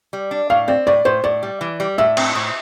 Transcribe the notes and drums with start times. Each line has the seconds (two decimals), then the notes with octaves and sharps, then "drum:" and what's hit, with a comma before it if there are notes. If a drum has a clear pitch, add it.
0.13 G3
0.31 D4
0.50 A2 F5
0.68 C4 D5
0.87 A2 D5
1.05 A2 C5
1.24 A2 D5
1.43 G3
1.61 E3
1.80 G3
1.98 A2 E5
2.17 C4, drum: cymbal
2.35 A2